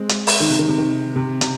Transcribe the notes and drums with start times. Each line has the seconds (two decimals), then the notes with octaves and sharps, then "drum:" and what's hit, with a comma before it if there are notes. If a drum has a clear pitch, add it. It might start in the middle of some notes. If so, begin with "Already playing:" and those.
Already playing: G#3 C4
0.09 drum: hi-hat
0.27 drum: open hi-hat
0.40 D#3
0.50 C3
0.59 D#3
0.68 C3
0.78 D#3
1.16 C3
1.41 C3, drum: hi-hat